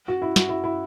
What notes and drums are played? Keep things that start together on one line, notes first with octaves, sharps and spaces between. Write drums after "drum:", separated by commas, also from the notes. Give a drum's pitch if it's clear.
F#4
E4
F#4, drum: snare
E4
E4